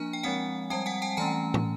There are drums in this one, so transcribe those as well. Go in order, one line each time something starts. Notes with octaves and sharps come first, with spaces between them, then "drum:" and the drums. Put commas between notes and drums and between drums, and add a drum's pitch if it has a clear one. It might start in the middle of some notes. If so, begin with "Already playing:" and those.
Already playing: F3 A#3 D4 G#5 A#5
G5
F3 G#3 C4 F#5 G#5
G3 C4 G5 A5
F#5 G#5
G5 A5
E3 A3 C#4 G#5 A#5
drum: tom